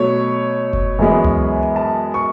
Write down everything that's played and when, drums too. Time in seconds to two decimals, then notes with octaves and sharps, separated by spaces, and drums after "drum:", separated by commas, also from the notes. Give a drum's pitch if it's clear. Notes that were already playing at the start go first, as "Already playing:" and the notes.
Already playing: B2 F#3 A3 C#5
0.73 drum: kick F#1
0.99 F#2 E3 G#3 B3
1.24 drum: tom C#2
1.76 A5
2.14 C#6